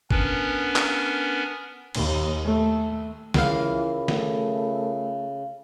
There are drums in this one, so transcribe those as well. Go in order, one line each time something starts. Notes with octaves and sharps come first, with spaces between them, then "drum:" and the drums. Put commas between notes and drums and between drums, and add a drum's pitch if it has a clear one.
B3 C#4 D4 A#4 B4, drum: kick
drum: clap
D#2, drum: cymbal
A3
C#2 C#3 E3 F4 A#4 F5 B5, drum: snare
A3, drum: snare